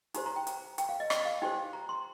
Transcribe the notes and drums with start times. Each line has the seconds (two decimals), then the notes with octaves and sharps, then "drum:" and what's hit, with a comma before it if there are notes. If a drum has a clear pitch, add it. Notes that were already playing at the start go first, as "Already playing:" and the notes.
0.14 D#4 G4 C5 A#5, drum: hi-hat
0.26 A#5
0.36 G5
0.47 drum: hi-hat
0.78 G5, drum: hi-hat
0.89 F5
1.00 D#5
1.10 D#5, drum: rim click
1.25 F5
1.42 D#4 G4 C5 G5
1.73 A#5
1.89 C6